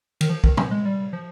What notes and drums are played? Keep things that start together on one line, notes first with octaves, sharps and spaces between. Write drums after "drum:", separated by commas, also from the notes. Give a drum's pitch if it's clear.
D#3, drum: cymbal
F3
D#3, drum: kick
F3, drum: tom A#2
G#3
G3
F3